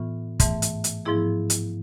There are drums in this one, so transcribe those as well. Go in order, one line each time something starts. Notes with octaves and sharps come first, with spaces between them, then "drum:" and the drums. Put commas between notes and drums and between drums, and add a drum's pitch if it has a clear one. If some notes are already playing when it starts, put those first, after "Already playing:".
Already playing: A2 E3 B3 F4
G#2 E3 A3, drum: kick, hi-hat
drum: hi-hat
drum: hi-hat
G#2 F3 B3 E4 G#4
drum: hi-hat